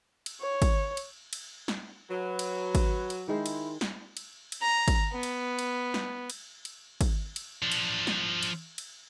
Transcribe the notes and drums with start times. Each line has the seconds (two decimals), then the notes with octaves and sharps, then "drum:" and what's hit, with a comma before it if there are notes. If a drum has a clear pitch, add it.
0.26 drum: cymbal
0.41 C#5
0.62 drum: kick, cymbal
0.97 drum: cymbal
1.33 drum: cymbal
1.68 drum: snare
2.10 F#3 B4
2.39 drum: cymbal
2.75 drum: kick, cymbal
3.10 drum: cymbal
3.28 D#3 G#3 E4 C5
3.46 drum: cymbal
3.81 drum: snare
4.17 drum: cymbal
4.52 drum: cymbal
4.62 A#5
4.88 drum: kick, cymbal
5.13 B3
5.23 drum: cymbal
5.59 drum: cymbal
5.94 drum: snare
6.30 drum: cymbal
6.65 drum: cymbal
7.01 drum: kick, cymbal
7.36 drum: cymbal
7.63 F3 D4
7.72 drum: cymbal
8.07 drum: snare
8.43 drum: cymbal
8.78 drum: cymbal